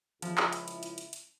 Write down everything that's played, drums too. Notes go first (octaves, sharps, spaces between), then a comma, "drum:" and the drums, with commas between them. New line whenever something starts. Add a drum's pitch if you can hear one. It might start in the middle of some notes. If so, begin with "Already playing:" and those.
C#2 F3 E4, drum: hi-hat
drum: clap
drum: hi-hat
drum: hi-hat
drum: hi-hat
drum: hi-hat
drum: hi-hat